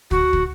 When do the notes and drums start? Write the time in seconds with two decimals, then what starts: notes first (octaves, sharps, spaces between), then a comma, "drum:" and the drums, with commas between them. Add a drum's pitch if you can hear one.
0.11 F#4, drum: kick
0.33 drum: kick